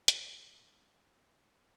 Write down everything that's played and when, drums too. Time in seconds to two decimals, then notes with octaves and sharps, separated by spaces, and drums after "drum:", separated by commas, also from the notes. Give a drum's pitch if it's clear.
0.08 B3 E4 G#4 A4 C5, drum: hi-hat